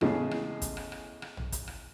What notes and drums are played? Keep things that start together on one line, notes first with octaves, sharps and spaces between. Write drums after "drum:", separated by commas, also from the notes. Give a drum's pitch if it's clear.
E2 A2 C#3 G#3, drum: rim click
drum: rim click
drum: kick, hi-hat
drum: rim click
drum: rim click
drum: rim click
drum: tom A#1
drum: kick, hi-hat
drum: rim click